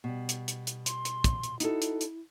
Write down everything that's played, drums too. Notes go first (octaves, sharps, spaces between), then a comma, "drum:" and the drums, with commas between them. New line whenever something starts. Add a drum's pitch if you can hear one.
B2 G3
drum: hi-hat
drum: hi-hat
drum: hi-hat
C6, drum: hi-hat
drum: hi-hat
drum: kick, hi-hat
drum: hi-hat
D#4 E4 F#4 A4, drum: hi-hat
drum: hi-hat
drum: hi-hat